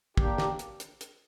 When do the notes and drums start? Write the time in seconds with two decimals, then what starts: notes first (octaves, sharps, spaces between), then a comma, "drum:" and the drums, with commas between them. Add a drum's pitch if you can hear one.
0.17 A#3 D4 G4, drum: kick
0.38 drum: snare
0.59 drum: hi-hat
0.80 drum: hi-hat
1.01 drum: hi-hat